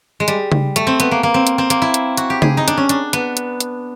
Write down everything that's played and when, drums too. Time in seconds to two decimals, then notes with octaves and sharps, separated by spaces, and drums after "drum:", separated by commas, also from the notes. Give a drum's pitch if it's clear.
0.20 G#3
0.28 G3, drum: hi-hat
0.52 drum: tom C#3
0.76 A3, drum: hi-hat
0.87 C4
1.00 B3, drum: hi-hat
1.11 A#3
1.23 A#3
1.34 C4
1.47 drum: hi-hat
1.58 C4
1.70 A#3, drum: hi-hat
1.82 E4
1.94 drum: hi-hat
2.17 F#4, drum: hi-hat
2.30 G4
2.42 G#4, drum: tom C#3
2.57 D#4
2.68 D4, drum: hi-hat
2.77 C#4
2.89 D4, drum: hi-hat
3.13 B3, drum: hi-hat
3.37 drum: hi-hat
3.60 drum: hi-hat